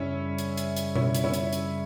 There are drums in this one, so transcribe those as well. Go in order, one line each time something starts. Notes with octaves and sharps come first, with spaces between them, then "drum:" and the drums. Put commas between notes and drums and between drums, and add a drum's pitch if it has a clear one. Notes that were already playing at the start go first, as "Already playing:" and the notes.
Already playing: F#2 C#3 G3 C#4 E4
drum: hi-hat
drum: hi-hat
drum: hi-hat
C#4 E4, drum: tom B2
drum: hi-hat
C#4 E4
drum: hi-hat
drum: hi-hat